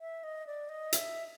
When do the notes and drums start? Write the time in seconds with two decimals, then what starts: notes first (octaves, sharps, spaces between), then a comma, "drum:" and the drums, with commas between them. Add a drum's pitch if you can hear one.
0.01 E5
0.24 D#5
0.47 D5
0.69 D#5
0.93 E5, drum: hi-hat